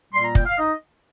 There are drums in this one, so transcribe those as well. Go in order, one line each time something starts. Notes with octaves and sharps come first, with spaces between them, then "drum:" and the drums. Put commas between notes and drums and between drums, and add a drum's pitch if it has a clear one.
A#2 G3 A#3 C6
A#5
G5, drum: kick
F5
D#4 D#5